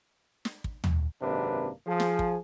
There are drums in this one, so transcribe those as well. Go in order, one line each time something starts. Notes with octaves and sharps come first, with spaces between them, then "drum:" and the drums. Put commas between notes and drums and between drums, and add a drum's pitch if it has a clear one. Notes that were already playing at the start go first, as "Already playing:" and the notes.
drum: snare
drum: kick
drum: tom
G#1 F#2 C3 A#3 D4 B4
F3 G#4
drum: snare
drum: kick